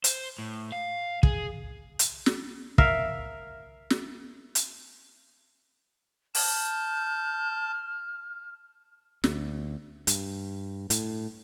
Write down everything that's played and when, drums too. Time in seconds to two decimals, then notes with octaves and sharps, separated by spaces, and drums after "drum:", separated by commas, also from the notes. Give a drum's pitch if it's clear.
0.04 C5, drum: hi-hat
0.38 A2
0.72 F5
1.23 G#4, drum: kick
1.99 drum: hi-hat
2.26 drum: snare
2.78 A#4 E5 F5, drum: kick
3.90 drum: snare
4.55 drum: hi-hat
6.35 A5 F6 G6, drum: open hi-hat
9.24 D2, drum: snare
10.07 G2, drum: hi-hat
10.90 A2, drum: hi-hat